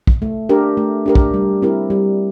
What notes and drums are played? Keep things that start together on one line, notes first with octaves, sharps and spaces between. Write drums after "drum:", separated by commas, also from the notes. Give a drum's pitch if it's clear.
drum: kick
A3
D4 G4 A#4
A3
D4 G4 A#4
drum: kick
G3
C4 E4 G4 A#4
G3